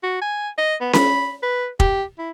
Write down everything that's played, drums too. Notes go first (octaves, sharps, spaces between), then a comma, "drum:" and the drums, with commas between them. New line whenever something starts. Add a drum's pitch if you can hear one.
F#4
G#5
D#5
B3
B5, drum: snare C#4
B4
G4, drum: kick
E4